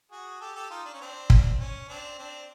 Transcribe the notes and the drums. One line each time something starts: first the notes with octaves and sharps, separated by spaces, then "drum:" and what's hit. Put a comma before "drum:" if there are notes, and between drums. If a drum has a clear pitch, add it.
F#4 G#4
G4 A4
G4 A4
D#4 F4
D4
C#4
C4 D4
drum: kick
C#4
C4 D4
C4 D4